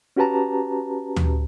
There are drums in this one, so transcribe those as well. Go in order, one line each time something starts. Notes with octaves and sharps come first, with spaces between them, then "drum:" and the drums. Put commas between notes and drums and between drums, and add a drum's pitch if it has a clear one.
C#4 F#4 G4 B4 A5 A#5
drum: tom